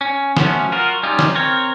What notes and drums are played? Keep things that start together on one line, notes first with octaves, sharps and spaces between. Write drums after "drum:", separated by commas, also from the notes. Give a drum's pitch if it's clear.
C#4
F3 F#3 A3 B3 C#4, drum: snare
F#3 F4 F#4 A#4
G3 C#4 D#4 F4 G4
drum: snare
C4 A#4 C#5